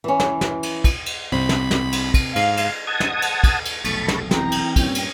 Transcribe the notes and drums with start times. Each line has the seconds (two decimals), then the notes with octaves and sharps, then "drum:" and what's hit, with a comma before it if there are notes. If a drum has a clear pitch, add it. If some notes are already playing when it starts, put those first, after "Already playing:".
0.04 E3 C#4
0.20 drum: snare
0.41 drum: snare
0.63 drum: cymbal
0.84 drum: kick, cymbal
1.06 drum: cymbal
1.32 C2 C3 C4 B5
1.49 drum: snare
1.71 drum: snare
1.92 drum: cymbal
2.14 drum: kick, cymbal
2.36 G#2 F5, drum: cymbal
2.57 drum: cymbal
2.87 F#5 A5 D#6 G#6
3.00 drum: snare
3.22 drum: cymbal
3.44 drum: kick, cymbal
3.65 drum: cymbal
3.84 F1 B1 A3 A5 B5 C#6, drum: cymbal
4.08 drum: snare
4.31 E3 C4 G5 A#5, drum: snare
4.52 drum: cymbal
4.76 G2 A#2 C#4, drum: kick, cymbal
4.95 drum: cymbal